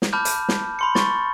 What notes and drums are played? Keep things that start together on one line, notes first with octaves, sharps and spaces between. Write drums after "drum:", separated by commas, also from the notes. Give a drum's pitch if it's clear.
drum: snare
A5 B5 D6 F6 G6
drum: hi-hat
drum: snare
B5 C6 C#7
C#6 A6, drum: snare